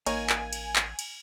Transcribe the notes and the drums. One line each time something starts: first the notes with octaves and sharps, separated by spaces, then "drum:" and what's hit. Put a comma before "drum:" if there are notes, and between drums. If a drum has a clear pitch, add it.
A1 A#3 D#4 C#5 G#5, drum: cymbal
drum: clap
drum: cymbal
drum: clap
drum: cymbal